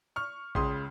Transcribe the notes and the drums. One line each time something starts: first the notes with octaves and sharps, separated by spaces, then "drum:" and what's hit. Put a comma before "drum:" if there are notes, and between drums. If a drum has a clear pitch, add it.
C#6 F6
C#2 C#3 G#3 C6 D#6, drum: kick A1